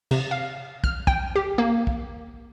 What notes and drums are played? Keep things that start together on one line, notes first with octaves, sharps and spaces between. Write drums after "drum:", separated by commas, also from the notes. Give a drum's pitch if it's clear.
C3, drum: cymbal
F5
F6, drum: kick
G5, drum: kick
G4
A#3
drum: kick